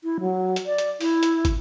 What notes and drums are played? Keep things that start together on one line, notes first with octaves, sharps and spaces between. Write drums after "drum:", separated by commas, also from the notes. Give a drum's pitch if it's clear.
E4
F#3
drum: hi-hat
D5
drum: hi-hat
E4, drum: open hi-hat
drum: hi-hat
drum: kick, hi-hat